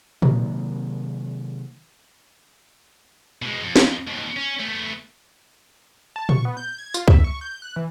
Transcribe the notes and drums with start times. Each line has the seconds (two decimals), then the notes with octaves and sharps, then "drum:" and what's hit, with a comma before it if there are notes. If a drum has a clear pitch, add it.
0.22 C3 D#3 F#3 A#3, drum: tom A#2
3.42 B2 G#3
3.63 F2
3.76 drum: snare
4.07 D#2 B2
4.36 C#4
4.60 A3 B3
6.16 A5
6.29 C#6, drum: tom A#2
6.45 B3
6.57 G6
6.78 G#6
6.94 F4, drum: tambourine
7.08 E5, drum: kick C#2
7.24 C#6
7.41 G6
7.62 F#6
7.76 E3